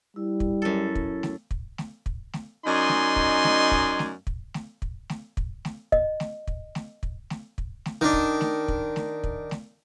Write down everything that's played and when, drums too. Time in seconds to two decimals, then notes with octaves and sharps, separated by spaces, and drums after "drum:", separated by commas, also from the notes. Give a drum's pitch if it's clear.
0.16 G3 E4
0.40 drum: kick
0.62 F#2 A4
0.95 drum: kick
1.23 drum: snare A3
1.51 drum: kick
1.78 drum: snare A3
2.06 drum: kick
2.33 drum: snare A3
2.66 F#2 D#4 D5 D#5 G#5 C6
2.89 drum: snare A3
3.16 drum: kick
3.44 drum: snare A3
3.71 drum: kick
3.99 drum: snare A3
4.27 drum: kick
4.54 drum: snare A3
4.82 drum: kick
5.09 drum: snare A3
5.37 drum: kick
5.65 drum: snare A3
5.92 D#5, drum: kick
6.20 drum: snare A3
6.48 drum: kick
6.75 drum: snare A3
7.03 drum: kick
7.30 drum: snare A3
7.58 drum: kick
7.86 drum: snare A3
8.01 D#3 D4
8.13 drum: kick
8.41 drum: snare A3
8.68 drum: kick
8.96 drum: snare A3
9.24 drum: kick
9.51 drum: snare A3